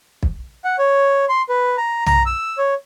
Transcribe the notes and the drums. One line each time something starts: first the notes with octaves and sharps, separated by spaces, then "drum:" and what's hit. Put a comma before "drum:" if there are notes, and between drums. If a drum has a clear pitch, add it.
drum: kick
F#5
C#5
C6
B4
A#5
A#5, drum: tom
E6
C#5